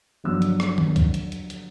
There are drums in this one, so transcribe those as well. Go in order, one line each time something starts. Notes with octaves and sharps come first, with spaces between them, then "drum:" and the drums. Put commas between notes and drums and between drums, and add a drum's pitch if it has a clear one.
G1 D3 F3 F#3 E6
drum: hi-hat
drum: rim click
drum: tom D#3
drum: kick C#2, hi-hat
drum: hi-hat
drum: hi-hat
drum: hi-hat